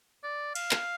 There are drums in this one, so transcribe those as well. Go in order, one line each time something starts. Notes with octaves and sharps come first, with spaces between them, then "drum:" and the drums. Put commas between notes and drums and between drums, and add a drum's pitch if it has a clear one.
D5
F5, drum: cymbal
drum: clap